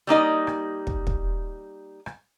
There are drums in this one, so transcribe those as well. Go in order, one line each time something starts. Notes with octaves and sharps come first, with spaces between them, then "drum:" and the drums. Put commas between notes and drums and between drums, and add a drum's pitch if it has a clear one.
G3 A#3 D#4 D#5
drum: rim click
drum: kick
drum: kick
drum: rim click